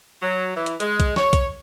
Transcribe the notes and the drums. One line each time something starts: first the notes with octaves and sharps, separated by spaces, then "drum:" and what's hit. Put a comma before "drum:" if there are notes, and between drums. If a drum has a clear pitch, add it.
F#3
E3
drum: hi-hat
G#3, drum: hi-hat
drum: kick B1, hi-hat
C#5, drum: snare
drum: kick B1, hi-hat